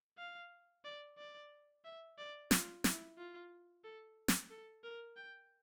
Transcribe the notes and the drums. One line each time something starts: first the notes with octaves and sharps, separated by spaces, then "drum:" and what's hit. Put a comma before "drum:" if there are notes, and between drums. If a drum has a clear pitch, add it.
F5
D5
D5
E5
D5
F4, drum: snare
E4, drum: snare
F4
A4
drum: snare
A4
A#4
G5